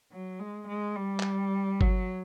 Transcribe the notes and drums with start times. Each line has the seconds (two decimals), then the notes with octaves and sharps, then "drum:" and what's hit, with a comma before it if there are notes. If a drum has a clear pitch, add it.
0.12 F#3
0.40 G#3
0.68 G#3
0.96 G3
1.20 drum: clap
1.81 F#3, drum: kick G1